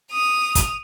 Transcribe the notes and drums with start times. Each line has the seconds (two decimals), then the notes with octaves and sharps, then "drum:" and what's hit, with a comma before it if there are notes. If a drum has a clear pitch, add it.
0.11 D#6 F7
0.55 drum: kick, hi-hat